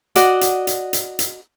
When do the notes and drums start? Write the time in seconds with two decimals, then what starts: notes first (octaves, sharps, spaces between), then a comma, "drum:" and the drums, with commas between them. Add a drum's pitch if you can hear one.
0.16 F#4 D5 D#5 F#5, drum: hi-hat
0.41 drum: hi-hat
0.67 drum: hi-hat
0.93 drum: hi-hat
1.19 drum: hi-hat